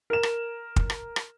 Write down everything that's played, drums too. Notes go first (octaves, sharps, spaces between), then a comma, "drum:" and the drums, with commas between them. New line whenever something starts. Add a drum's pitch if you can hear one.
A#4 E7
drum: rim click
drum: kick
drum: rim click
drum: rim click